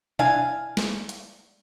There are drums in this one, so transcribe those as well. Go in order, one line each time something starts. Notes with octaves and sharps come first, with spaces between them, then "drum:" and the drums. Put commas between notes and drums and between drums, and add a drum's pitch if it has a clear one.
D4 E4 F5 G#5, drum: tom B2
drum: snare
drum: hi-hat